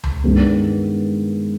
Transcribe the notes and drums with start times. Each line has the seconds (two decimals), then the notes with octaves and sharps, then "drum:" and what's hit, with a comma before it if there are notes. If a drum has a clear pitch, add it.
0.04 drum: tom C#2
0.24 G2 D#3 G#3 B3